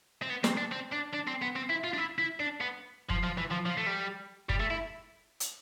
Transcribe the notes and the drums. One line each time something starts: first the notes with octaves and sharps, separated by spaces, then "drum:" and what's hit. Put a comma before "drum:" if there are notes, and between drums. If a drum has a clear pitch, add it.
C4
B3
C4, drum: snare
D4
C4
D4
D4
C4
B3
C4
E4
F4
D4
E4
E4
D4
B3
F3, drum: kick
F3
E3
F3
F3
A3
G3
G3, drum: kick
A3
E4
drum: hi-hat